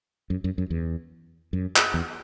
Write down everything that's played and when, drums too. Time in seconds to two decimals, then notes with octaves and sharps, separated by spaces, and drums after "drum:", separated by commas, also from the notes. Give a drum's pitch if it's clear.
0.30 F#2
0.44 F#2
0.58 F#2
0.70 E2
1.53 F#2
1.76 drum: clap
1.94 E2